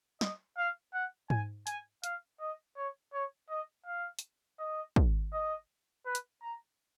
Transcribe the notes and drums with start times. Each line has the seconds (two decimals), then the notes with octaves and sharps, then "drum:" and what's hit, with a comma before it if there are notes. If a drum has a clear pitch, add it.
0.21 D#5, drum: snare
0.57 F5
0.94 F#5
1.30 G#5, drum: tom G#2
1.67 G#5, drum: hi-hat
2.04 F5, drum: hi-hat
2.41 D#5
2.77 C#5
3.13 C#5
3.50 D#5
3.86 F5
4.19 drum: hi-hat
4.59 D#5
4.96 drum: kick
5.33 D#5
6.06 B4
6.15 drum: hi-hat
6.42 A#5